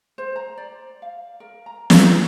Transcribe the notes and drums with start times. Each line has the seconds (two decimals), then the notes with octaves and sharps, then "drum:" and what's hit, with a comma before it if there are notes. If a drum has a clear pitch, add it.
0.18 C5
0.36 A#5
0.58 D5
1.02 F5
1.40 A#4
1.66 A#5
1.90 D4, drum: snare